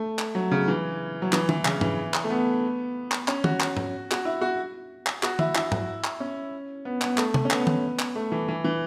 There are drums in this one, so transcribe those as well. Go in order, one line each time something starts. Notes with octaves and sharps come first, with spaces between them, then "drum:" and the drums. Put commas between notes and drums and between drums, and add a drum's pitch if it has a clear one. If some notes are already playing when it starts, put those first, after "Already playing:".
Already playing: A3
drum: clap
F#3
C#3
E3
F#3
E3, drum: clap
E3, drum: tom
C#3, drum: clap
E3, drum: tom G#2
drum: clap
A3
B3
drum: clap
C#4, drum: clap
F#4, drum: tom
drum: clap
drum: tom G#2
F#4, drum: clap
E4
F#4
drum: clap
F#4, drum: clap
E4, drum: tom
E4, drum: clap
drum: tom G#2
drum: clap
C#4
B3
B3, drum: clap
A3, drum: clap
drum: tom C3
C#4
B3, drum: clap
drum: tom
drum: clap
A3
E3
E3
E3